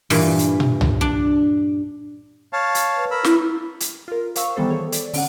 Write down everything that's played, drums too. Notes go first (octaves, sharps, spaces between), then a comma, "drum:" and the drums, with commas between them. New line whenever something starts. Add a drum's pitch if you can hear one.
G2 A#2 E3, drum: open hi-hat
drum: hi-hat
drum: tom
drum: tom C2
D4
C#5 F5 A5
drum: hi-hat
B4
A#4 B5 E6
E4, drum: snare
drum: hi-hat
F4 A#4
A#4 C5 F5 C#6 E6, drum: hi-hat
D#3 E3 G3 B3 A4 C5
G#4 A4 C#5
D5, drum: hi-hat
D3 C#4 F#5, drum: open hi-hat